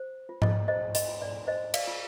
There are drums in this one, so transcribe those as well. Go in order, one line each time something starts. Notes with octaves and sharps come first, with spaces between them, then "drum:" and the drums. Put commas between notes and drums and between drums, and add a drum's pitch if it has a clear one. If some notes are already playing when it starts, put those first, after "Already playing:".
Already playing: C5
F4
D#5, drum: tom G#2
C5 D#5
D#5, drum: hi-hat
F4
D5
C5 D#5
D5 F5, drum: cymbal
F4